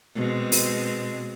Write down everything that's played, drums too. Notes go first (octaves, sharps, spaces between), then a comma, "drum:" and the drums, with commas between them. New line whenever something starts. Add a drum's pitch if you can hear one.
B2 G#3 C4
drum: open hi-hat